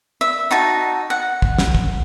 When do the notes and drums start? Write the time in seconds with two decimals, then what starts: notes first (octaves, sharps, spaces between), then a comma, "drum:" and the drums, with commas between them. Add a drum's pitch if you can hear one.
0.21 E5
0.51 D#4 F#4 A5
1.10 F#5
1.42 drum: kick
1.58 drum: snare
1.75 drum: kick